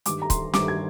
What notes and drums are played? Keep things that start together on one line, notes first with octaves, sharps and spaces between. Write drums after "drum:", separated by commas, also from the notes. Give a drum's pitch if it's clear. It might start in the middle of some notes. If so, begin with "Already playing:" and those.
G2 D#3 G3 D6, drum: hi-hat
A#5
C6, drum: kick C#1, hi-hat
G2 D#3 G3 D6, drum: snare
G#6